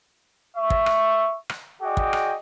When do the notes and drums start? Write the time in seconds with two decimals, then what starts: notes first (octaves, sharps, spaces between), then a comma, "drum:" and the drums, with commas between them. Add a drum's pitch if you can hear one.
0.57 E5 C#6
0.70 drum: kick
0.86 drum: rim click
1.49 drum: rim click
1.81 F#4 G#4 D5 D#5 G5 D6
1.97 drum: kick
2.13 drum: rim click